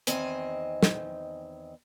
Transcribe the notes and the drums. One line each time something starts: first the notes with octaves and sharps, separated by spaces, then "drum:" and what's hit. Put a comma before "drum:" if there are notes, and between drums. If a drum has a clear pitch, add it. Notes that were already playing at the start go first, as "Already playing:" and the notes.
E2 D#3 C4 D#5 G#5, drum: hi-hat
drum: snare